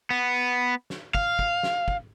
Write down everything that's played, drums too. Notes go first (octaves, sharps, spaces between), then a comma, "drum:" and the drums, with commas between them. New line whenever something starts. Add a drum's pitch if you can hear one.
B3
drum: snare
F5, drum: kick
drum: kick
drum: snare
drum: kick